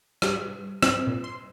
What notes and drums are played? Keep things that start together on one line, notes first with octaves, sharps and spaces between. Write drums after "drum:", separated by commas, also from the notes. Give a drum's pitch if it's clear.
G3, drum: rim click
C4, drum: rim click
A#2
C6